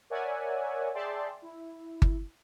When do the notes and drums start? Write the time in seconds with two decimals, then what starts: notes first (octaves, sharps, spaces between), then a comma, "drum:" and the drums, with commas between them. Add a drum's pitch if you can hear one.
0.10 A#4 C#5 D5 E5 F#5 G#5
0.95 G#4 D5 E5 G5 A5 C6
1.42 E4
2.02 drum: kick G1